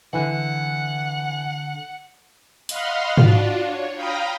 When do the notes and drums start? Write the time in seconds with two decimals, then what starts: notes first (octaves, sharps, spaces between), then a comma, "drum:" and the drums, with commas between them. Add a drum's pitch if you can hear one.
0.13 D3 E3 F#5
2.69 D#5 F5 F#5 B5 C6 F6, drum: hi-hat
3.18 D4 F4 F#4, drum: tom G#2
3.63 C#5
3.94 F5 G5 A#5 B5 D#6 F6